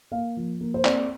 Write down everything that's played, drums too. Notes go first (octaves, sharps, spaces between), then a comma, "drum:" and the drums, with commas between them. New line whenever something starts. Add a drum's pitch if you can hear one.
A#3 F5
F3
A#3
C5
C4 D5, drum: clap